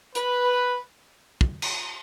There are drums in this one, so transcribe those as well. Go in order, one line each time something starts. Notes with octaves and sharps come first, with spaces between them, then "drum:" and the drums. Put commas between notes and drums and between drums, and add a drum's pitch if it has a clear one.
B4, drum: hi-hat
drum: kick
drum: cymbal